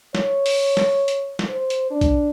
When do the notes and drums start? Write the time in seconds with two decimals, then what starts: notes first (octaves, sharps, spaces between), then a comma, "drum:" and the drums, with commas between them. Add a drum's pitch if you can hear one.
0.15 C#5, drum: snare
0.46 drum: open hi-hat
0.77 drum: snare
1.08 drum: hi-hat
1.39 drum: snare
1.49 C5
1.70 drum: hi-hat
1.91 D4
2.01 drum: kick B1, hi-hat